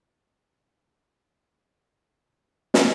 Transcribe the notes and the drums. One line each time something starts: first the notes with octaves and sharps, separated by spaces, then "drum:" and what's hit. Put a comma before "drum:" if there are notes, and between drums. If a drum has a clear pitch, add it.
A4
A#2 A#3 D4 A#5 B5
drum: snare